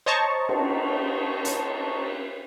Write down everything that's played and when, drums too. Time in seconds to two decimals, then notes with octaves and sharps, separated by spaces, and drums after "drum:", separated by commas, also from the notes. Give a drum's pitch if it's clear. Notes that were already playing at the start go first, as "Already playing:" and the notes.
0.06 C5 C#5 D#5 A5 A#5 C#6
0.49 drum: cymbal
1.45 drum: hi-hat